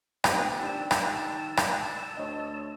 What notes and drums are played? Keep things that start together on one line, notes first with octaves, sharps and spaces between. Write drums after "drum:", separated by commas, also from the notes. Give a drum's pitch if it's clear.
F1 B3 C4 G4 D#6, drum: rim click
D#3 D4 G4 A5 E6
drum: rim click
drum: rim click
D2 C#5 D#5